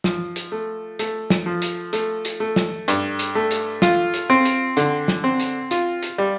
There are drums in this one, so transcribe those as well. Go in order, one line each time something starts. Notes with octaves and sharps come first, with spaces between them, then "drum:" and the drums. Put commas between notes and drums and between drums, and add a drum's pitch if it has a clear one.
F3, drum: snare
drum: hi-hat
A3
A3, drum: hi-hat
drum: snare
F3
drum: hi-hat
A3, drum: hi-hat
drum: hi-hat
A3
drum: snare
G2, drum: hi-hat
drum: hi-hat
A3
drum: hi-hat
F4, drum: snare
drum: hi-hat
C4
drum: hi-hat
D3, drum: hi-hat
drum: snare
C4
drum: hi-hat
F4, drum: hi-hat
drum: hi-hat
G3